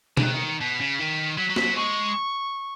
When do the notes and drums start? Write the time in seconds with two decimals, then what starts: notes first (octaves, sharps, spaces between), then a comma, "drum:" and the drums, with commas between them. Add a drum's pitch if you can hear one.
0.17 E3, drum: tom B2
0.22 D#3 F#6
0.35 C#7
0.48 C#7
0.61 B2 B6
0.80 C#3
0.99 D#3
1.37 F#3 B6
1.50 F#3
1.56 B6, drum: snare
1.63 F#3
1.76 G#3 C#6